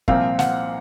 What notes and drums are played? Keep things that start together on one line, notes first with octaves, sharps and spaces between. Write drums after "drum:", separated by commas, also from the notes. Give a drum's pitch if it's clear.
C2 A#2 F3 C4 F5, drum: kick
F#5, drum: snare